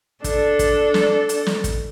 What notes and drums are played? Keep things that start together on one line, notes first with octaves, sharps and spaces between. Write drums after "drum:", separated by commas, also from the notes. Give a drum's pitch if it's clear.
D4 A4, drum: kick, hi-hat
drum: kick, hi-hat
drum: snare
drum: hi-hat
drum: snare
drum: kick, hi-hat